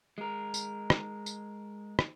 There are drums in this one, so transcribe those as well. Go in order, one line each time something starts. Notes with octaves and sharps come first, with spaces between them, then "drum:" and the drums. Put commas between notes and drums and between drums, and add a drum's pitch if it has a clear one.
G#3 A#4
drum: tambourine
drum: rim click
drum: tambourine
drum: rim click